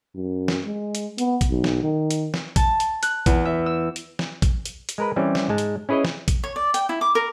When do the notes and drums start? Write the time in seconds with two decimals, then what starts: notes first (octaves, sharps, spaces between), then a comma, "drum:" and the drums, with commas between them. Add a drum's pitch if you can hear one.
0.15 F#2
0.48 drum: snare
0.65 G#3
0.95 drum: hi-hat
1.18 B3, drum: hi-hat
1.41 drum: kick A1, hi-hat
1.50 B1
1.64 drum: snare
1.83 D#3
2.11 drum: hi-hat
2.34 drum: snare
2.56 A5, drum: kick A1, hi-hat
2.80 drum: hi-hat
3.03 F#6, drum: hi-hat
3.26 E2, drum: kick A1, hi-hat
3.45 E5
3.66 E6
3.96 drum: hi-hat
4.19 drum: snare
4.42 drum: kick A1, hi-hat
4.65 drum: hi-hat
4.89 drum: hi-hat
4.98 G#3 A#4 B4
5.16 E3 G3 C4 C#4
5.35 drum: snare
5.49 G#2 G#3 A5
5.58 drum: hi-hat
5.89 C#4 E4 G#4 B4 C#5 D#5
6.05 drum: snare
6.28 drum: kick A1, hi-hat
6.44 C#5
6.56 D5
6.74 G5, drum: hi-hat
6.89 E4
7.01 D6
7.15 A#4